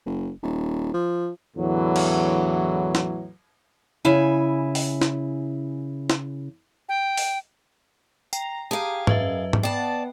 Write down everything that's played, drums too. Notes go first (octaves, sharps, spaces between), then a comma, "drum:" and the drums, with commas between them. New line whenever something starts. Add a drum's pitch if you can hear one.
F#1
D#1
F3
E2 A2 D3 E3 F#3
drum: cymbal
drum: snare
C#3 E4 G#5
drum: open hi-hat
drum: snare
drum: snare
G5
drum: open hi-hat
G5 A#5, drum: tambourine
G4 G#4 F5 A5 A#5
F#2 B4 D#5 E5, drum: tom G#2
drum: tom G#2
B3 D5 G5 A5